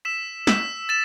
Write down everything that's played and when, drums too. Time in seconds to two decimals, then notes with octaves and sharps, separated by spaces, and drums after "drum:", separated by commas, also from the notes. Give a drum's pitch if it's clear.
0.05 E6 B6 E7
0.47 E6 B6 E7, drum: snare
0.89 A6 E7